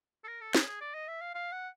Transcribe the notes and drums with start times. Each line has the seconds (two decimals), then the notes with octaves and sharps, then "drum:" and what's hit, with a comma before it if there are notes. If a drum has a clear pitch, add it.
0.24 A4
0.28 A#4
0.41 A4
0.55 G#4, drum: snare
0.68 G#4
0.81 D5
0.94 D#5
1.08 E5
1.21 F5
1.35 F5
1.52 F#5